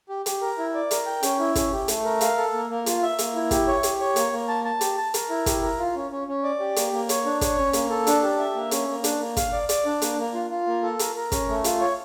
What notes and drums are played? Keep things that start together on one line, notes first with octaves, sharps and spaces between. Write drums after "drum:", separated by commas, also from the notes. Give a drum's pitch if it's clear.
G4
G4, drum: hi-hat
A#4
E4
D5
A#4, drum: hi-hat
G5
C#4, drum: hi-hat
E4
C#4, drum: kick, hi-hat
G4
A3, drum: hi-hat
A#4
F5, drum: hi-hat
A4
A#3
A#3
F4, drum: hi-hat
E5
A#3, drum: hi-hat
E4
G4, drum: kick, hi-hat
C#5
G4, drum: hi-hat
C#5
A#3, drum: hi-hat
A#3
A5
A5
G4, drum: hi-hat
A5
A#4, drum: hi-hat
E4
G4, drum: kick, hi-hat
A#4
F4
C#4
C#4
C#4
D5
G4
A#3, drum: hi-hat
A#3
C#5, drum: hi-hat
D4
C#5, drum: kick, hi-hat
C#4
A#3, drum: hi-hat
A4
D4, drum: hi-hat
G4
E5
A#3
C#4, drum: hi-hat
A#3
D4, drum: hi-hat
A#3
F5, drum: kick, hi-hat
D5
D5, drum: hi-hat
D4
A#3, drum: hi-hat
A#3
F4
F4
A#3
A4
A#4, drum: hi-hat
A#4
C#4, drum: kick, hi-hat
A3
F4, drum: hi-hat
C#5